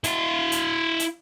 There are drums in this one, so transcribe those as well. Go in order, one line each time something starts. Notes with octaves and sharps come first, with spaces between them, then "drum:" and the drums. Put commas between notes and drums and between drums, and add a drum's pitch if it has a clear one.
E4 F5, drum: hi-hat
drum: hi-hat
drum: hi-hat